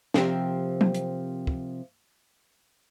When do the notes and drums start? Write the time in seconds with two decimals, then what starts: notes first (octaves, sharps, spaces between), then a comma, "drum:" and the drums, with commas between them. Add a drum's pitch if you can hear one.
0.14 C3 F3 C4 G4 A#4, drum: snare
0.81 drum: tom F#3
0.94 drum: hi-hat
1.47 drum: kick